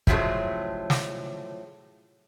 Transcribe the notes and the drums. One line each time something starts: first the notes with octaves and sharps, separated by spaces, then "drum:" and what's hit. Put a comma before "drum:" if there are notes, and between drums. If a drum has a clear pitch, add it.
A2 C#3 F3 F#3 G#3 A3, drum: kick
drum: snare